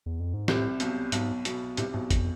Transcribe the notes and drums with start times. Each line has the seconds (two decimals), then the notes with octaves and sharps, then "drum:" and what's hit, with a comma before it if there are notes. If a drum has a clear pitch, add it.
0.06 E2
0.20 F2
0.34 G#2
0.48 C2 A2 C3, drum: snare
0.80 B1 B2, drum: hi-hat
1.12 B1 G#2 B2, drum: hi-hat
1.45 B1 B2, drum: hi-hat
1.77 C2 A2 C3, drum: hi-hat
1.94 B1 G#2 B2
2.10 F2, drum: kick G1, hi-hat